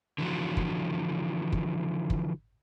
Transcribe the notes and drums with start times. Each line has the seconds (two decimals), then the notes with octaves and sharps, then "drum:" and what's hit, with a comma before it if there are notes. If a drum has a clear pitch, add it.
0.18 D3 E3 F3 F#4
0.57 drum: kick
1.52 drum: kick
2.10 drum: kick